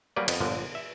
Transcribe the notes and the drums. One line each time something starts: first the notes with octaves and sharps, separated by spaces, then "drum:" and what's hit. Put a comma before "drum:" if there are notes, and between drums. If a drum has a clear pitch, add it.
F#3 G3 A#3 B4 D5
F2 B3, drum: cymbal
G1 A#2 D3 F3
E5